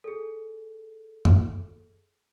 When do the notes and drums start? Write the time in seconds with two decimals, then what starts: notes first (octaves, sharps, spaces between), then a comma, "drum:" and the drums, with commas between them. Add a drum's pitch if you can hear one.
0.04 G#4 A4
1.25 drum: tom F#2